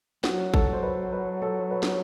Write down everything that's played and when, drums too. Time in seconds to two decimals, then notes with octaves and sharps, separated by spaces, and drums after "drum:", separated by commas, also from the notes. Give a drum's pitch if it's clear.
0.24 F#3 F#4, drum: snare
0.54 A4, drum: kick A1
0.73 C5
0.83 B4
1.13 B4
1.42 A4
1.71 B4
1.83 drum: snare